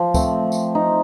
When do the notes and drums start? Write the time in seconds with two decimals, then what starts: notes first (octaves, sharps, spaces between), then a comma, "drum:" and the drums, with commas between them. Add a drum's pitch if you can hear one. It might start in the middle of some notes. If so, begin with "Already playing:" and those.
Already playing: F3
0.14 A3 C4, drum: kick C#2, tambourine
0.52 drum: tambourine
0.75 D#4